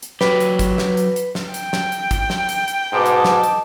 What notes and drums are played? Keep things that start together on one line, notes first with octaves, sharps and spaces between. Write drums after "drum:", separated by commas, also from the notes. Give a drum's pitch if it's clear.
drum: hi-hat
F#3 G4 B4, drum: snare
drum: hi-hat
drum: kick, hi-hat
drum: snare
drum: hi-hat
drum: hi-hat
drum: snare
G5, drum: hi-hat
drum: snare
drum: hi-hat
drum: kick, hi-hat
drum: snare
drum: hi-hat
drum: hi-hat
G#2 B2 D#5 A5 D6
drum: hi-hat
drum: snare
drum: hi-hat